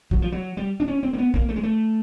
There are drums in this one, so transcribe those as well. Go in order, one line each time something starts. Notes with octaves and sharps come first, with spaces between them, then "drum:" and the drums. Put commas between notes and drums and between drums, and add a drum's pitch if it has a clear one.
F#3, drum: kick
F3
F#3
G3
D4
C#4
C4
A#3
B3
A#3, drum: kick
A3
G#3
A3